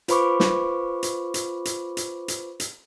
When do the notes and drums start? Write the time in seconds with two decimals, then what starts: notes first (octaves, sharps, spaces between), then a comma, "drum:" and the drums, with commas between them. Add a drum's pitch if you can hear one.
0.08 F4 B4 C5 B5 C#6 D6, drum: hi-hat
0.40 drum: snare
1.03 drum: hi-hat
1.34 drum: hi-hat
1.65 drum: hi-hat
1.97 drum: hi-hat
2.28 drum: hi-hat
2.60 drum: hi-hat